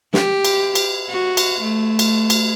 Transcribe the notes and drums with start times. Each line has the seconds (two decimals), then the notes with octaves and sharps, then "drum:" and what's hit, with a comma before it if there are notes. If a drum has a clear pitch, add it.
0.14 G4, drum: snare
0.45 drum: cymbal
0.75 drum: cymbal
1.10 F#4
1.37 drum: cymbal
1.61 A3
1.99 drum: cymbal
2.30 drum: cymbal